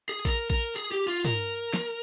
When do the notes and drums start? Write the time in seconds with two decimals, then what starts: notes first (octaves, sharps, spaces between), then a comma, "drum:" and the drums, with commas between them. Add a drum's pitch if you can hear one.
0.09 G#4
0.25 A#4, drum: kick A#1, hi-hat
0.50 A#4, drum: kick A#1
0.75 G#4, drum: open hi-hat
0.92 G4
1.08 F4
1.25 A#4, drum: tom
1.74 drum: snare